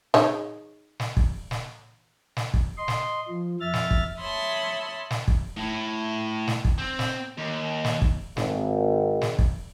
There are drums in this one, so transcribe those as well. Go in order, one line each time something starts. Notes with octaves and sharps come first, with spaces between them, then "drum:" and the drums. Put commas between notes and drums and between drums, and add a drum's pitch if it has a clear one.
D#4 G#4 C#5, drum: snare
drum: snare
drum: kick
drum: snare
drum: snare
drum: kick
D#5 C6
drum: snare
F3
F2 E5 F6 A6
drum: snare
drum: kick
C#5 E5 A5 B5 C6 D#6
drum: snare
drum: kick
A2
drum: snare
drum: kick
C4
drum: snare
D#2
drum: snare
drum: kick
G#1, drum: snare
drum: snare
drum: kick